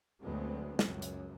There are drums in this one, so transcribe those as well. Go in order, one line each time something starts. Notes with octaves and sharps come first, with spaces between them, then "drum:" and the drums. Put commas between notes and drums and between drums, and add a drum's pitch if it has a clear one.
D2 D3 F#3 G#3 B3 C4
C#2 F#2, drum: snare
drum: hi-hat